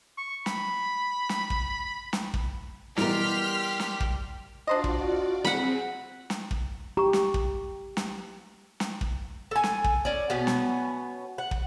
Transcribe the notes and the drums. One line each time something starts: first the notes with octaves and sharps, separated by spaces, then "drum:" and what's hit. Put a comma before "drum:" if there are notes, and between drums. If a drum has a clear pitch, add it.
C#6
B5, drum: snare
drum: snare
drum: kick
drum: snare
drum: kick
B2 E3 G3 G4 A#4 C6 F6 B6, drum: snare
drum: snare
drum: kick
D4 F4 F#4 C5 D5 D#5
drum: kick
C4 G#4 F#5 B5, drum: snare
drum: snare
drum: kick
G4 A#5 C#6
drum: snare
drum: kick
drum: snare
drum: snare
drum: kick
A4 G#5
drum: snare
drum: kick
C#4 D5
B2 B3 C#4
drum: snare
F#5
drum: kick